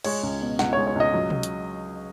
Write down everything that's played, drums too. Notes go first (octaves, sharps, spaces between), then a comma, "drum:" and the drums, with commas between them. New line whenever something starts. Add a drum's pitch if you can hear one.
G#3 C#5, drum: cymbal
C#2
B2
C#2 F#5, drum: snare
G#3 C#5
C#5
C#2 D#5
F#3
drum: tom B2
drum: hi-hat